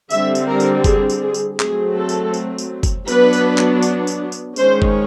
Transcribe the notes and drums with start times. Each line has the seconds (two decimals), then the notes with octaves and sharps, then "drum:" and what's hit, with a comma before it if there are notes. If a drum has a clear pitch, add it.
0.10 D3 G3 C4 E5, drum: tambourine
0.35 drum: tambourine
0.48 A#4
0.60 drum: tambourine
0.84 G#4, drum: kick F#1, tambourine
1.10 drum: tambourine
1.22 G#4
1.34 drum: tambourine
1.60 F#3 A3 C4 G#4, drum: clap
1.96 A4
2.09 drum: tambourine
2.34 drum: tambourine
2.58 drum: tambourine
2.83 drum: kick F#1, tambourine
3.08 F#3 B3 D4 B4, drum: tambourine
3.33 drum: tambourine
3.58 drum: clap
3.82 drum: tambourine
4.07 drum: tambourine
4.32 drum: tambourine
4.56 D#3 G#3 C#4 C5, drum: tambourine
4.82 drum: kick F#1